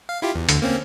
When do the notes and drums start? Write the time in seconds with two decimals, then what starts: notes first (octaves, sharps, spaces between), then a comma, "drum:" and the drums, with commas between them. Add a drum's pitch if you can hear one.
0.09 F5
0.22 E4 F4 G4
0.35 E2
0.49 D2 D3, drum: hi-hat
0.62 A#3 C4 C#4